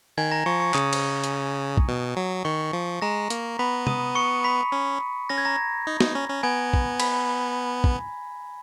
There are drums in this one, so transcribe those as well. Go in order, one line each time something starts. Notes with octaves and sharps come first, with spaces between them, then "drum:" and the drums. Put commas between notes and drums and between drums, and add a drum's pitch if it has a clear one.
D#3 G#5 G#6
A#5 A#6
F3 C#6 C#7
C#6 C#7
C#3 D#6 D#7, drum: clap
drum: cymbal
drum: hi-hat
drum: kick
B2
F#3
D#3 C#6 C#7
F3
G#3 A#5 A#6
A#3, drum: hi-hat
B3 B5 B6
D#6 D#7, drum: tom
C#6 C#7
B5 B6
C#4
C#4 A#6
G#6
A#5 A#6
D#4
D#4, drum: snare
C#4
C#4
B3 G#5 G#6
drum: kick
B5 B6, drum: cymbal
drum: kick